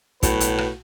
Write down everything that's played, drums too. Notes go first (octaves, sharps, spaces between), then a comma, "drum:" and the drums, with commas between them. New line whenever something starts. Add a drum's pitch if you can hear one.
B1 A2 F#4 B4 G6, drum: kick, hi-hat
drum: hi-hat
drum: rim click